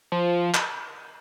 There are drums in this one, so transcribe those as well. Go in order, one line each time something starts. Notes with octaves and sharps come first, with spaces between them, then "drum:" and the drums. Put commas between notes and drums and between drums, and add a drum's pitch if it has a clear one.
F3
drum: clap